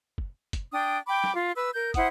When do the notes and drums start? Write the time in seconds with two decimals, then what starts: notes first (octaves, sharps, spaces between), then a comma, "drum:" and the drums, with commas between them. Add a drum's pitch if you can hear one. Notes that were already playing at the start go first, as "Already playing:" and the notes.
0.18 drum: kick
0.53 drum: kick, hi-hat
0.72 D4 G5 D#6
1.07 G5 B5 D6
1.24 drum: snare
1.33 F4
1.54 B4 E6
1.74 A#4 G6
1.94 E4 C5 F#5 D#6, drum: kick, hi-hat